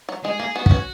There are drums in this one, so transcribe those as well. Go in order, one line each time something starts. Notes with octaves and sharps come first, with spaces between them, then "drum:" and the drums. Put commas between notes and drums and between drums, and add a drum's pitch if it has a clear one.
F#3
G#3 G#4
A#3 G#4
B3 F#4
B3, drum: kick
C#4